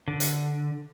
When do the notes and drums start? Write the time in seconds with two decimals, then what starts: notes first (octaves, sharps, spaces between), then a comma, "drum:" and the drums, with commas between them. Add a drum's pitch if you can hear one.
0.08 D3
0.20 drum: hi-hat